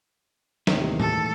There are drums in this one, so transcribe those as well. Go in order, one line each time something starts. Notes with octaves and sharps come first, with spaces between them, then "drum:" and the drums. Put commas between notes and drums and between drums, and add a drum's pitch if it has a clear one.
D#2 A2 C3 D#3 E3 G#3, drum: snare
A4, drum: tom A2